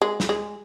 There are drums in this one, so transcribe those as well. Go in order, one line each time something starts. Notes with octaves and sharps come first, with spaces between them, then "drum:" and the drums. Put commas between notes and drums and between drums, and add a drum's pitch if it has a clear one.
G#3
drum: snare
G#3